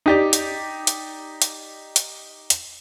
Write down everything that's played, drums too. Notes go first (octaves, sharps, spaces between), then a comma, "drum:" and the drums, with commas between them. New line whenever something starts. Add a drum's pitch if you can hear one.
D#4 G4 D5
drum: hi-hat
drum: hi-hat
drum: hi-hat
drum: hi-hat
drum: hi-hat